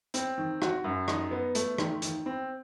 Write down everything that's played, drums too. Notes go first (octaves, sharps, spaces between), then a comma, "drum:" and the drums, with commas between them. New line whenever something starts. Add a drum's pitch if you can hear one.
C4, drum: hi-hat
D#3
F#4, drum: rim click
F#2
D#4, drum: rim click
B3
A3, drum: hi-hat
D#3, drum: rim click
D#3, drum: hi-hat
C4